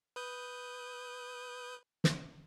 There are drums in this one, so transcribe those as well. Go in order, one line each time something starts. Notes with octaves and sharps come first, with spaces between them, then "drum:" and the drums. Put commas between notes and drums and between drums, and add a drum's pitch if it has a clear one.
B4 D#6 G6
drum: snare